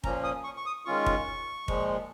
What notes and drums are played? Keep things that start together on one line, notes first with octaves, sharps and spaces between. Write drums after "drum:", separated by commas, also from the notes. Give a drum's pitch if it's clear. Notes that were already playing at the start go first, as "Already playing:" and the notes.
A#2 F3 A#3 C#4 A#5, drum: kick
D#6
C#6
C#6
D#6
D#3 G#3 C#4 F4 C#6
drum: kick
A#2 F3 G#3, drum: kick